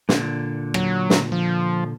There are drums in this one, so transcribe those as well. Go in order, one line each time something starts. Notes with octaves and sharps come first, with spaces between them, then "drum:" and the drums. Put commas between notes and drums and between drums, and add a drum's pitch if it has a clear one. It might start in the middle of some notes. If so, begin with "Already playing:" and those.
A#2 D3, drum: snare
F#3, drum: rim click
drum: snare
F3